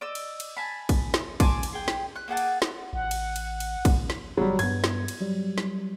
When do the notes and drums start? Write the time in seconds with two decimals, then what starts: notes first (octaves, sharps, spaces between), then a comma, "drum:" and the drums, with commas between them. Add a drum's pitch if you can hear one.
0.01 D5 D#5 E6
0.15 drum: cymbal
0.40 drum: cymbal
0.57 G#5 A5 B5
0.89 drum: kick, cymbal
1.14 drum: snare
1.40 G#5 A5 C6 D6, drum: kick, cymbal
1.63 drum: cymbal
1.73 G#4 G5
1.88 drum: snare
2.16 F#6
2.28 A#3 G#4 F#5 A5
2.37 drum: cymbal
2.62 drum: snare
2.93 A1 F#5
3.11 drum: cymbal
3.36 drum: cymbal
3.60 drum: cymbal
3.85 drum: kick, cymbal
4.10 drum: snare
4.37 G1 F#3 G3
4.59 G2 B3 G#6, drum: cymbal
4.84 drum: snare
5.08 drum: cymbal
5.21 F#3 G3
5.58 drum: snare